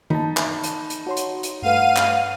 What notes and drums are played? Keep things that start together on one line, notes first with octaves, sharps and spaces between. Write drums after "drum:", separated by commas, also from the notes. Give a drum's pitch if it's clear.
D#4 A5 B5, drum: tom D#3
drum: clap
drum: hi-hat
drum: hi-hat
F#4 C#5 C6
drum: hi-hat
drum: hi-hat
G2 A3 B4 F5 F#5 D#7
drum: clap